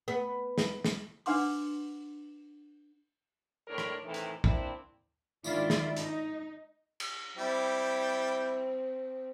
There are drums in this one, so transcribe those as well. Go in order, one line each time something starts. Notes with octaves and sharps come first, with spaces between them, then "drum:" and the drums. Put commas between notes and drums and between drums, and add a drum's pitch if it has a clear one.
B3
drum: snare
drum: snare
D4 B4 F#5 C6 D6, drum: open hi-hat
A2 G3 D4 A#4 C#5
drum: rim click
A2 C3 D#3 E3
drum: hi-hat
A#3 C4 D4 E4, drum: kick
D#3 G#3 D4 E4 F4 D5, drum: tambourine
drum: snare
D#4, drum: hi-hat
drum: cymbal
G3 C4 E4 G5